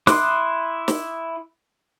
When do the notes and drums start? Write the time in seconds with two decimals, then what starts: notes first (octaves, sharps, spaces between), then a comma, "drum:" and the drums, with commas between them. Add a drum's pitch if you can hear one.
0.07 E4 C6 D6 D#6 F#6, drum: snare
0.88 drum: snare